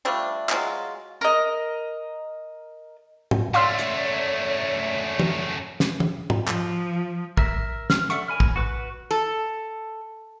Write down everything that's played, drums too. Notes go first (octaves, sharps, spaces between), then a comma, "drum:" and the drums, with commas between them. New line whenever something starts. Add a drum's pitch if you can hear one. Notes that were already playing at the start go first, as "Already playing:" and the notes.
F3 G3 A3 D4
F#3 G#3 F4, drum: clap
A#4 D#5
drum: tom
F#2 A3 C#5 D5 E5 F5 C6 E6, drum: hi-hat
drum: hi-hat
drum: tom E3
drum: snare
drum: tom E3
drum: tom
F3, drum: clap
A#4 E5, drum: kick
F6, drum: snare
A4 D5 E5 F#5 C#6, drum: hi-hat
A#4 C#5 G#5 B5 F6
drum: kick
F#4 B4 C#6 F#6
A4